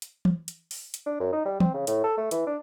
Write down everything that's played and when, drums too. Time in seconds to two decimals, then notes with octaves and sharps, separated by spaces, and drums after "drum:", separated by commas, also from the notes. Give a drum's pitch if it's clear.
0.02 drum: hi-hat
0.25 drum: tom E3
0.48 drum: hi-hat
0.71 drum: open hi-hat
0.94 drum: hi-hat
1.06 D4
1.20 F#2
1.33 D#4
1.46 G3
1.60 C4, drum: tom E3
1.74 C#3
1.87 A2, drum: hi-hat
2.04 A4
2.18 A3
2.31 E3, drum: hi-hat
2.47 D4